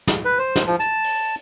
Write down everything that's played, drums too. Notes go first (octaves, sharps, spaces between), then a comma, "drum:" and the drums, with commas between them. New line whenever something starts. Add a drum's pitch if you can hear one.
drum: snare
B4
C5
drum: snare
F3
A5, drum: hi-hat
drum: open hi-hat